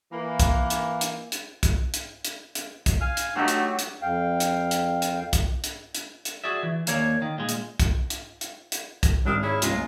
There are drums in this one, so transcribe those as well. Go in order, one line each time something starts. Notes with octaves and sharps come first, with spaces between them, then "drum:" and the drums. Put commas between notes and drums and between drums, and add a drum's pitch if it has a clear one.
E3 A#3
drum: kick, hi-hat
drum: hi-hat
drum: hi-hat
drum: hi-hat
drum: kick, hi-hat
drum: hi-hat
drum: hi-hat
drum: hi-hat
drum: kick, hi-hat
F5 G#5
drum: hi-hat
F#3 A3 D4 D#4 F#4 G4
drum: hi-hat
drum: hi-hat
F2 F5 G5
drum: hi-hat
drum: hi-hat
drum: hi-hat
drum: kick, hi-hat
drum: hi-hat
drum: hi-hat
drum: hi-hat
F#4 G#4 D5 E5
E3
D#2 A#3 C#5 D5, drum: hi-hat
D#3
A#2 G#3
drum: hi-hat
drum: kick, hi-hat
drum: hi-hat
drum: hi-hat
drum: hi-hat
drum: kick, hi-hat
G#1 D4 E4 G4 D#6 F6
E4 G#4 C#5
F#1 C#2 G#3 F4, drum: hi-hat